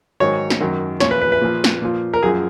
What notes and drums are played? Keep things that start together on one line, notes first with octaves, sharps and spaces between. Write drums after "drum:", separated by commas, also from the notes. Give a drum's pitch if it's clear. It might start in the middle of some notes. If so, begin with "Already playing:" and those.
G#2 D#3 F#3 C#5
drum: snare
F#2 D#3 F#3
A#2 F3 C#5, drum: snare
B4
B4
B4
A#2 F3
drum: snare
A#2 F3
A#4
F#2 F3 G#4